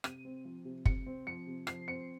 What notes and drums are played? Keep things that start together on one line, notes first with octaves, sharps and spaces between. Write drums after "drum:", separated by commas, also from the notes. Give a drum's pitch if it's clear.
C3 D#7, drum: rim click
C4
F3
C3
C3 C#7, drum: kick
C4
F3 C#7
C3
F3 C7, drum: rim click
C4 C#7